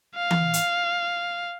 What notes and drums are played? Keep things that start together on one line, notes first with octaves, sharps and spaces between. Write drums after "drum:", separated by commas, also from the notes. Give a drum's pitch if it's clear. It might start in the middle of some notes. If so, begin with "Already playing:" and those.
F5
drum: tom E3
drum: hi-hat